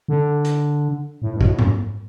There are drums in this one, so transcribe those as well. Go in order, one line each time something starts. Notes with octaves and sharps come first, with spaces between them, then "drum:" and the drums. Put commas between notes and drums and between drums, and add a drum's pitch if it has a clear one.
D3
drum: hi-hat
A2
G2
B2, drum: kick
A2
F#2, drum: tom G#2